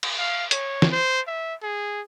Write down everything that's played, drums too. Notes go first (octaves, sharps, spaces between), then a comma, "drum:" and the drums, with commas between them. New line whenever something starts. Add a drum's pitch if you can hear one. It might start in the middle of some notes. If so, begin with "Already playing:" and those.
drum: cymbal
F5
C#5, drum: hi-hat
drum: snare
C5
E5
G#4